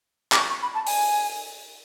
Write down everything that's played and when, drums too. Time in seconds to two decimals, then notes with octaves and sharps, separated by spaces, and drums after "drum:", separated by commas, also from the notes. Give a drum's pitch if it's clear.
0.32 D6, drum: clap
0.37 C#6
0.50 C#6
0.62 B5
0.75 A5
0.87 G#5, drum: open hi-hat